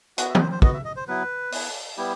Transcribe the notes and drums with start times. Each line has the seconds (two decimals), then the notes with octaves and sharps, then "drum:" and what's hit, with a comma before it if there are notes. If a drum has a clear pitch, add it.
0.18 B3 F#4 F#5, drum: hi-hat
0.29 E5
0.35 D#5, drum: tom
0.40 C5
0.52 C5
0.62 B3 F#4 D#5, drum: kick
0.74 E5
0.85 D#5
0.96 C5
1.08 F#3 B3 E4 B4
1.52 B3 E4, drum: open hi-hat
1.97 G3 B3 E4 G4